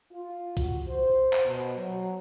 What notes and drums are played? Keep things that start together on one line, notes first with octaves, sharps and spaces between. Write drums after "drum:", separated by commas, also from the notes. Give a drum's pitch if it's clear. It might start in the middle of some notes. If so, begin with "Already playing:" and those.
F4
F#4, drum: kick B1, hi-hat
C5
drum: clap
B2
F#3